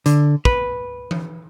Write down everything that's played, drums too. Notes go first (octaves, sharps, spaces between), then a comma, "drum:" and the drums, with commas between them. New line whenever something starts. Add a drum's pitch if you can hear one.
D3, drum: hi-hat
B4, drum: kick
drum: tom E3